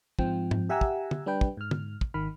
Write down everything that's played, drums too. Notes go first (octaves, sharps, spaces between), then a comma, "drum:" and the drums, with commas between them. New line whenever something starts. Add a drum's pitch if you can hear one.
G#2 F3 C4 G5, drum: kick
drum: tom G#2
G4 E5 F#5 G#5 A#5 E6
drum: kick
drum: tom D3
G3 D4 B4 G5
drum: kick
G#2 F6
drum: tom D3
drum: kick
G#1 D#3 B5 F6